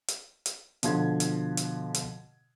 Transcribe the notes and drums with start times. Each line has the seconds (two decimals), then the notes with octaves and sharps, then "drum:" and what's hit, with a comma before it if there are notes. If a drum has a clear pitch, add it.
0.08 drum: hi-hat
0.46 drum: hi-hat
0.83 B2 D3 F3 C6 G#6, drum: hi-hat
1.20 drum: hi-hat
1.57 drum: hi-hat
1.94 drum: hi-hat